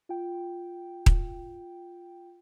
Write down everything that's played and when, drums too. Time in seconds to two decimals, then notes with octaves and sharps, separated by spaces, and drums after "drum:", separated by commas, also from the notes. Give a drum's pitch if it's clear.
0.09 F4 G5
1.06 drum: kick D#1